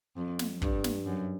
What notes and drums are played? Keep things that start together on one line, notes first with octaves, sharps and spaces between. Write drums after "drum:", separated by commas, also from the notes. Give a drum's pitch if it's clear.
F2
drum: snare
G2, drum: kick
drum: snare
F#2